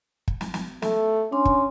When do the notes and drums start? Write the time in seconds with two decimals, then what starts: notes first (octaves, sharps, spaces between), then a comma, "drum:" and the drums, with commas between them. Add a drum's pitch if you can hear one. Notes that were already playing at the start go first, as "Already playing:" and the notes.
0.28 drum: kick
0.41 drum: snare
0.54 drum: snare
0.82 A3, drum: snare
1.32 C#4 D4 G#5 C6
1.45 drum: kick